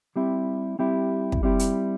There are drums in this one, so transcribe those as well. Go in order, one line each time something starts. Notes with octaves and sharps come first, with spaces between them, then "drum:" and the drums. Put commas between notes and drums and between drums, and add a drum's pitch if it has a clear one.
G3 C4 E4 G4
G3 C4 E4 G4
drum: kick
G3 C4 E4 G4
drum: hi-hat